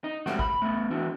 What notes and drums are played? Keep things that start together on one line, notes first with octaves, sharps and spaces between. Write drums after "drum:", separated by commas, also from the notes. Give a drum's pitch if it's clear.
D#4
F2 G#2 G3 A3 C4 F#4, drum: snare
B5, drum: kick
A3 B3
E3 D4 F#4